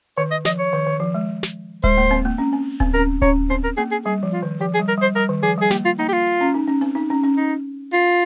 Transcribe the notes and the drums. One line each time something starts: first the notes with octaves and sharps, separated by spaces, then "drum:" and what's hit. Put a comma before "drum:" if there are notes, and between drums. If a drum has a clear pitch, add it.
D#3 C#5
D#5
F3 D#5, drum: snare
C#5
D#3
D#3
F3
G#3
drum: snare
G#3 C5, drum: kick D1
A#3
C4
A#3
C#4
C4
C4, drum: kick D1
C#4 A#4
C#4 C#5, drum: kick D1
C4 C5
A#4
A#3 G#4
G#4
G3 G#4
F3
F4
D#3
F3 G4
G#4
G3
A#4, drum: hi-hat
G3 C5
G3 A#4
D#3
F3 G#4
G3 G#4
A#3 G4, drum: snare
F4
A#3 D#4
G4
F4
C#4
D#4
C#4
C4, drum: open hi-hat
D#4
C#4
C#4
D#4
F4